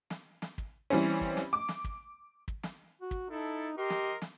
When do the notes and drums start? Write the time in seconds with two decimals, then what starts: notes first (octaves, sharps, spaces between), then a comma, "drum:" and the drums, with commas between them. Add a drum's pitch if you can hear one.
0.10 drum: snare
0.42 drum: snare
0.58 drum: kick
0.90 E3 G3 C4 C#4
1.21 drum: kick
1.37 drum: snare
1.53 D6
1.69 drum: snare
1.84 drum: kick
2.48 drum: kick
2.64 drum: snare
3.01 F#4
3.11 drum: kick
3.30 D#4 E4 A4
3.78 G4 A#4 D#5 C6
3.90 drum: snare
4.22 drum: snare